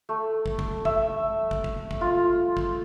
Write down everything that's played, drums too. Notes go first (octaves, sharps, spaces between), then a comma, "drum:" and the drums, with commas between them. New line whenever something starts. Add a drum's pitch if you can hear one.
A3
drum: kick
drum: kick
E5, drum: kick
drum: kick
drum: kick
drum: kick
F4
drum: kick